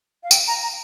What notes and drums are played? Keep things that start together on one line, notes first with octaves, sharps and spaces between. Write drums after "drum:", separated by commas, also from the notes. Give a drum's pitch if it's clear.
F5
G5, drum: tambourine
A#5
A#5